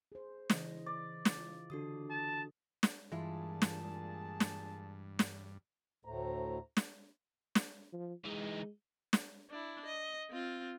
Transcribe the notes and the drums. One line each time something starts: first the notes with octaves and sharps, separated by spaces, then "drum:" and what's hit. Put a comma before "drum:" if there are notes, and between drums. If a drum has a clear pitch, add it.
G#4 C5
C#3 E3 D#5, drum: snare
D5
drum: snare
F4
D3 D4 F#4 A4 D#6
A5
drum: snare
G2 A#2 E3 G#3 E4 F4 G#4 A5
drum: snare
drum: snare
drum: snare
D2 A2 A3 C5 A#5
drum: snare
drum: snare
F3
E3 G#3 D#4
drum: snare
D4 E4
D#5
C4 F4